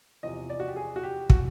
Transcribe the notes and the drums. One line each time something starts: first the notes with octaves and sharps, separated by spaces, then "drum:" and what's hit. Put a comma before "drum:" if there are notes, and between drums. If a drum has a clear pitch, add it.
E2 C3 F3 D#5
D5
F#4
G4
G#4
F#4
G4
F#4, drum: kick